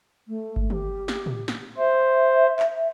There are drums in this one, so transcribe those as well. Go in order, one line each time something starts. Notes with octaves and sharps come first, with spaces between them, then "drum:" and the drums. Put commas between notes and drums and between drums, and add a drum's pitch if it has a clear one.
A3
drum: kick G1
G4, drum: tom D3
drum: snare
drum: tom
drum: snare
C5 E5
drum: clap